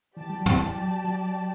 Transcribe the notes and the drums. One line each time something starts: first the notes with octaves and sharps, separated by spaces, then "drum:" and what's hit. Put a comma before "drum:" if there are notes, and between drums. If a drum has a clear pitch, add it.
E3 G4 D5 A5
G3
F#3
E3, drum: tom
F#3
F#3